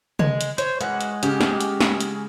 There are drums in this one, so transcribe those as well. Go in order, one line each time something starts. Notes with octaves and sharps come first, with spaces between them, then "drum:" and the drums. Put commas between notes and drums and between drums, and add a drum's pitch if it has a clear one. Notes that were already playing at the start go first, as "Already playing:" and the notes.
G#3, drum: tom
drum: hi-hat
C5 C#5, drum: hi-hat
E3 G#3 C#4 F#4 F#5, drum: hi-hat
drum: hi-hat
C#3 G4, drum: hi-hat
drum: snare
drum: hi-hat
drum: snare
drum: hi-hat